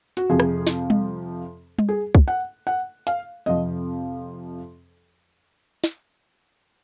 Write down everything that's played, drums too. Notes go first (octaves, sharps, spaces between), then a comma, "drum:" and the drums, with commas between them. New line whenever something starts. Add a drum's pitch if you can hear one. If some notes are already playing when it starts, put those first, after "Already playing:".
F#4, drum: hi-hat
F2 C3 F3 G#4
drum: rim click
drum: snare
drum: tom G3
drum: tom G3
G#4
drum: kick
F#5
F#5
F5, drum: hi-hat
F2 C3 F3 D#5
drum: snare